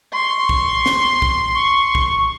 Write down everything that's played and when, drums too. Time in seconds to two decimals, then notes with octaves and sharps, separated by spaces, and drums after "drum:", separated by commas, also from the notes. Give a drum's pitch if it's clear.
0.13 C6 C#6
0.49 drum: kick
0.86 drum: snare
1.22 drum: kick
1.55 C#6
1.95 drum: kick